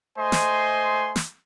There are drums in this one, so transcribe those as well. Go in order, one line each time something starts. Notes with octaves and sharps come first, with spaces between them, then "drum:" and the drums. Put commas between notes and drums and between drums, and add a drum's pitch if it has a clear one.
A3 C5 D#5 G#5 C6
drum: snare
drum: snare